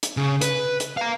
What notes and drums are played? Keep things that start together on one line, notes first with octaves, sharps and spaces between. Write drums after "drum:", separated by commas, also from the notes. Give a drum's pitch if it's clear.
drum: hi-hat
C#3
B4, drum: hi-hat
drum: hi-hat
F5 A#5